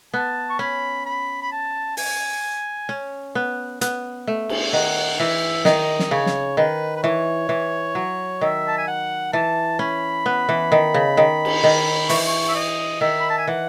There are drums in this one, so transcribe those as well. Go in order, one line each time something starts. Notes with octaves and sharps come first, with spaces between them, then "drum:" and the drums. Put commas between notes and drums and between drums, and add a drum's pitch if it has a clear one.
B3 A5
C#6
C#4 B5
B5
B5
A5
G#5, drum: open hi-hat
C#4
B3
B3, drum: hi-hat
A3
drum: cymbal
D#3 F#5
E3 E5
D#3 D#5, drum: snare
drum: snare
C#3 C#5
drum: snare
D#3 B4
B4
E3 C#5
E3
F#3
D#3 E5
A5
G#5
F#5
E3 A5
C#4 B5
B3
E3
D#3
C#3
D#3
drum: cymbal
D#3
E3 C#6, drum: open hi-hat
C#6
E5
D#5
D#3 E5
B5
A5
G#5
E3 F#5